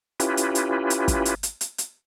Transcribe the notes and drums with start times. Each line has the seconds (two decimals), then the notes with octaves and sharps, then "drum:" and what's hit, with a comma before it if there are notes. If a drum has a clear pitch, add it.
0.20 C#4 E4 F4 G4 B4, drum: hi-hat
0.37 drum: hi-hat
0.55 drum: hi-hat
0.90 drum: hi-hat
1.08 drum: kick, hi-hat
1.25 drum: hi-hat
1.43 drum: hi-hat
1.61 drum: hi-hat
1.78 drum: hi-hat